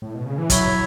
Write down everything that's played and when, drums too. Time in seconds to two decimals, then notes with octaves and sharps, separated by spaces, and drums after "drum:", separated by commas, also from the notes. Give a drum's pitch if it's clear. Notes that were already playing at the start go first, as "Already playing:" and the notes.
0.02 A2
0.14 B2
0.26 C#3
0.38 E3
0.50 F#3 E4 C#5 E5, drum: kick, hi-hat